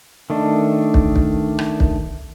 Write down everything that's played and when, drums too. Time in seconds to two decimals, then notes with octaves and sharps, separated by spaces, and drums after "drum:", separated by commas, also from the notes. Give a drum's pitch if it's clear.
0.30 D#3 A3 D4
0.94 drum: kick
1.16 drum: kick
1.59 drum: rim click
1.80 drum: kick